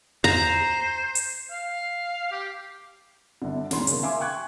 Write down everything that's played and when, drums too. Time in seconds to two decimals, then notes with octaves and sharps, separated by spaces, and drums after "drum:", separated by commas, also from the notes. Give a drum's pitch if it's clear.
0.24 C5 A#5, drum: tom
1.15 drum: hi-hat
1.51 F5
2.32 G4
3.42 G1 D3
3.71 E2 B2 C#4 D#4 C6, drum: snare
3.87 C#3 A#3, drum: hi-hat
4.03 E5 F5 G#5 C6 D6
4.20 G5 G#5 C#6 F#6 G#6